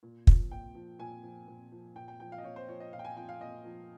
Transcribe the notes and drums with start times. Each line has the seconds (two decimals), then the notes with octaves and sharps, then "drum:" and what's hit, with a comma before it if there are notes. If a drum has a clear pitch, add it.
0.03 A#2
0.27 F3, drum: kick
0.51 A#2 G5
0.75 F3
0.99 A#2 G#5
1.23 F3
1.48 A#2
1.72 F3
1.96 A#2 G5
2.08 G5
2.20 F3 G5
2.32 F5
2.38 D#5
2.44 A#2 C#5
2.56 C5
2.68 F3 C#5
2.80 D#5
2.92 A#2 F5
2.99 G5
3.05 G#5
3.17 F3 G5
3.29 F5
3.41 A#2 D#5
3.65 F3